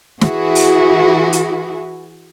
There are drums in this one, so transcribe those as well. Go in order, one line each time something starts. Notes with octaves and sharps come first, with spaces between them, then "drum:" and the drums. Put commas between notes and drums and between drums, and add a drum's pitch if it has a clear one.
E3 E4 F#4 G#4, drum: snare
drum: open hi-hat
drum: hi-hat